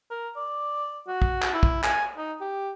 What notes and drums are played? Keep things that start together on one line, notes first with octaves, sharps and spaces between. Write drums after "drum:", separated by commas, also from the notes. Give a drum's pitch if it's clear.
A#4
D5
F#4
drum: kick
drum: clap
E4
drum: kick
G#5, drum: clap
D#4
G4